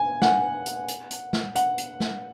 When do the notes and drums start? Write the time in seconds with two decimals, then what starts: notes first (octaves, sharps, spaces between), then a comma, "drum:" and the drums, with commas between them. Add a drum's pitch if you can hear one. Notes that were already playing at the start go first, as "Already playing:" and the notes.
Already playing: G#5
0.22 F#5, drum: snare
0.66 drum: hi-hat
0.88 drum: hi-hat
1.11 drum: hi-hat
1.33 drum: snare
1.55 F#5, drum: hi-hat
1.78 drum: hi-hat
2.00 drum: snare